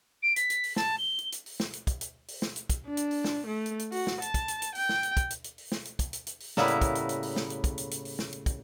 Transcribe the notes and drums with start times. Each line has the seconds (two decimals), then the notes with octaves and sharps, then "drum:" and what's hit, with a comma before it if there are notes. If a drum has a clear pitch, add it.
0.23 D7
0.36 B6, drum: hi-hat
0.50 drum: hi-hat
0.64 drum: open hi-hat
0.76 A5, drum: snare
0.99 G7
1.18 drum: hi-hat
1.32 drum: hi-hat
1.46 drum: open hi-hat
1.60 drum: snare
1.73 drum: hi-hat
1.87 drum: kick, hi-hat
2.01 drum: hi-hat
2.28 drum: open hi-hat
2.42 drum: snare
2.56 drum: hi-hat
2.70 drum: kick, hi-hat
2.87 D4
2.97 drum: hi-hat
3.11 drum: open hi-hat
3.24 drum: snare
3.46 A3
3.66 drum: hi-hat
3.79 drum: hi-hat
3.92 F#4, drum: open hi-hat
4.07 drum: snare
4.22 A5, drum: hi-hat
4.34 drum: kick, hi-hat
4.48 drum: hi-hat
4.62 drum: hi-hat
4.75 G5, drum: open hi-hat
4.89 drum: snare
5.03 drum: hi-hat
5.17 drum: kick, hi-hat
5.30 drum: hi-hat
5.44 drum: hi-hat
5.58 drum: open hi-hat
5.72 drum: snare
5.85 drum: hi-hat
5.99 drum: kick, hi-hat
6.13 drum: hi-hat
6.27 drum: hi-hat
6.40 drum: open hi-hat
6.57 A2 C#3 G3 A#3 B3 E4, drum: snare
6.68 drum: hi-hat
6.81 drum: kick, hi-hat
6.95 drum: hi-hat
7.09 drum: hi-hat
7.23 drum: open hi-hat
7.36 drum: snare
7.50 drum: hi-hat
7.64 drum: kick, hi-hat
7.78 drum: hi-hat
7.91 drum: hi-hat
8.05 drum: open hi-hat
8.19 drum: snare
8.33 drum: hi-hat
8.46 drum: kick, hi-hat